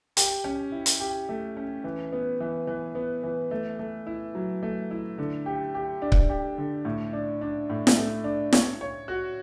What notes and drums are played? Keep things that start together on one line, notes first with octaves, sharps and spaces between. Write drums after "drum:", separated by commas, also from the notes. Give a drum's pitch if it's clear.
G4, drum: hi-hat
C#4
E4
drum: hi-hat
G4
A3
C#4
E3
B3
E3
E3
B3
E3
A3
A3
E4
F#3
A3
E4
D3
G4
G4
D4
drum: kick C#1
G4
D3
A2
D4
D4
A2
drum: snare
A3
D4
C#5, drum: snare
C#5
F#4